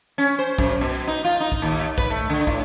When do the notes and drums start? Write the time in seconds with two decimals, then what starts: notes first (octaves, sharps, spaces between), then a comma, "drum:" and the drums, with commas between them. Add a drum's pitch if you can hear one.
0.18 C#4
0.39 C5
0.58 F#2, drum: kick
0.81 B2
1.07 D#4
1.24 F4
1.40 D#4
1.52 drum: kick
1.62 D#2
1.98 B4, drum: kick
2.10 A3
2.30 D3
2.47 A2, drum: kick